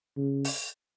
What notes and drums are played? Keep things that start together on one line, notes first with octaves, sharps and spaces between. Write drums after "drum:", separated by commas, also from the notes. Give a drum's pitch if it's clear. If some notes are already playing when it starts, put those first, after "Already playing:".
C#3
drum: open hi-hat